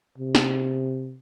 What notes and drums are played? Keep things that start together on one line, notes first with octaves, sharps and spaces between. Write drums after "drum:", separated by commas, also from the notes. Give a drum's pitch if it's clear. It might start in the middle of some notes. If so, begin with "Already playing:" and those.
C3
drum: snare